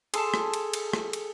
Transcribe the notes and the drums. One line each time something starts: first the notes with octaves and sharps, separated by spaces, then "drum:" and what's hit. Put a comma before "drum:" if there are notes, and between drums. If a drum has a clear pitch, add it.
G#4 A4 A5 C6, drum: cymbal
drum: rim click
drum: cymbal
drum: cymbal
drum: rim click
drum: cymbal